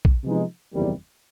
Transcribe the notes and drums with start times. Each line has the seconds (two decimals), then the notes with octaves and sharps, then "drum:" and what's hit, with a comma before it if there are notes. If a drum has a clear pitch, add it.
0.05 drum: kick A#1
0.24 C3 F3 G#3 B3 D#4
0.73 F#1 E2 C3 D#3 G3